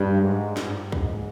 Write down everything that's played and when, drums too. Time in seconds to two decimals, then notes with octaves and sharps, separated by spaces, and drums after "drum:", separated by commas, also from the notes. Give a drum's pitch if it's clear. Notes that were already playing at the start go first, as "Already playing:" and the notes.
Already playing: G2
0.21 G#2
0.57 G2, drum: snare
0.92 G#2, drum: kick